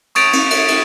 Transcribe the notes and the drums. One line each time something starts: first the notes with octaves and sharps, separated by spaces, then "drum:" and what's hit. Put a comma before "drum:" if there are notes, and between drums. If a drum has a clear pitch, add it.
C#6 D#6 G#6 A6 D7 F7, drum: cymbal
drum: cymbal
drum: cymbal
drum: cymbal